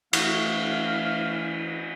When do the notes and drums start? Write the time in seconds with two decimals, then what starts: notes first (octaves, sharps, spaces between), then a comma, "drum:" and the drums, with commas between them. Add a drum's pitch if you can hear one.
0.13 E3 A3 F#4 F5, drum: cymbal